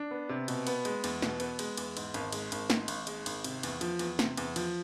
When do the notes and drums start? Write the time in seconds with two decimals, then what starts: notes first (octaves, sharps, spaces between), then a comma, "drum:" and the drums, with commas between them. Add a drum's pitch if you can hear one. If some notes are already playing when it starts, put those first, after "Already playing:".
Already playing: D4
0.11 B3
0.29 C3
0.48 B2, drum: cymbal
0.67 B3, drum: cymbal
0.85 G#3, drum: cymbal
1.04 E2, drum: cymbal
1.22 B2, drum: snare
1.40 B3, drum: cymbal
1.59 G#3, drum: cymbal
1.77 E2, drum: cymbal
1.97 G#2, drum: cymbal
2.14 G#1, drum: cymbal
2.32 G#3, drum: cymbal
2.52 G#1, drum: cymbal
2.70 G#2, drum: snare
2.88 G#1, drum: cymbal
3.07 G#3, drum: cymbal
3.26 G#1, drum: cymbal
3.44 C3, drum: cymbal
3.63 E2, drum: cymbal
3.81 F3, drum: cymbal
3.99 E2, drum: cymbal
4.19 C3, drum: snare
4.37 E2, drum: cymbal
4.56 F3, drum: cymbal